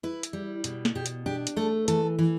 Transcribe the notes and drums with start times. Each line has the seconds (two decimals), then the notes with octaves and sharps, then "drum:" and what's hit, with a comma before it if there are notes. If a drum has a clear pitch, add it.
0.03 E4 B4
0.23 drum: hi-hat
0.33 G3
0.64 B2, drum: hi-hat
0.85 drum: snare
0.95 B2 G4
1.06 drum: hi-hat
1.26 D4 G4
1.47 drum: hi-hat
1.56 A3 A4
1.88 E3 A4, drum: hi-hat
2.19 E3